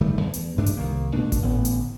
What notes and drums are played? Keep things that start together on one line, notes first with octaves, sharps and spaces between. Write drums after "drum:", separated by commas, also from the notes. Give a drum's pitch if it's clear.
D1 D#3 G3 A3
E2
drum: hi-hat
D2 G2 A3 D4
drum: hi-hat
C2 D#3 A#3
A#2 A3 D4
drum: kick G#1, hi-hat
A1 A2 D3 B3
drum: hi-hat